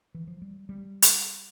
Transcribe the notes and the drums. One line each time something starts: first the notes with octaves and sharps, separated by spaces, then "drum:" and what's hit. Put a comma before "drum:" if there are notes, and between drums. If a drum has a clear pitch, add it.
E3
F3
G3
G3
drum: hi-hat